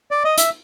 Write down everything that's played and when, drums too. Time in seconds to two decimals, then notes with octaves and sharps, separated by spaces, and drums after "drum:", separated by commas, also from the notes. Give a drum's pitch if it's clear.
0.11 D5
0.24 D#5
0.38 E5, drum: hi-hat